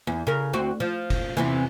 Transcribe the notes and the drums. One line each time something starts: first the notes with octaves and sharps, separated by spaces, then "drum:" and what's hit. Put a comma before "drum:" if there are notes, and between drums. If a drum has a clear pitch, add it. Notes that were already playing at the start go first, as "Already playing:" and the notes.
E2
C#3 A#4
D2 C4 F#4
F3
drum: kick F1, cymbal
E2 C3 E3